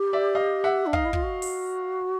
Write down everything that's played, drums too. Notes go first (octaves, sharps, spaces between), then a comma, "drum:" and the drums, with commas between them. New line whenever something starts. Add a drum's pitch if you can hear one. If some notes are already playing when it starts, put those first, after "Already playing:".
Already playing: G4
D5 E5
D#5 F5
E5 F#5
D4
D#4 D#5 F5, drum: kick
E4
F4, drum: kick
F#4
drum: open hi-hat